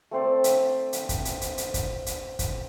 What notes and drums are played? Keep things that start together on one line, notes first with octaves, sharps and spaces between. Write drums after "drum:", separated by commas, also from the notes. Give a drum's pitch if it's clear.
A3 C4 C5 D5
drum: hi-hat
drum: hi-hat
drum: kick, hi-hat
drum: hi-hat
drum: hi-hat
drum: hi-hat
drum: kick, hi-hat
drum: hi-hat
drum: kick, hi-hat